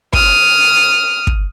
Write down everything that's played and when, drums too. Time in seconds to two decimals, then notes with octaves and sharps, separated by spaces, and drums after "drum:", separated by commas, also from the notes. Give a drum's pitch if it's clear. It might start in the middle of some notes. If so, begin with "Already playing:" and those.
0.13 D#6 F6, drum: kick
1.27 drum: kick